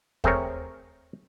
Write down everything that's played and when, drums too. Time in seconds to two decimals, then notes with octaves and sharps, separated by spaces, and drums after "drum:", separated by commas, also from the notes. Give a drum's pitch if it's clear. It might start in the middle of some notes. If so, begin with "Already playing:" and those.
0.24 A3 C4 G#4 A#4 C#5, drum: kick